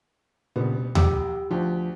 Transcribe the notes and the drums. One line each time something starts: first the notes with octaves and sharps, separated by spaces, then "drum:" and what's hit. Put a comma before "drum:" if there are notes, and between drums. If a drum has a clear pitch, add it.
D2 A#2 C#3 G3 B3
B2
A#1 G4 D6 E6, drum: tom D#2
D2 F3 G4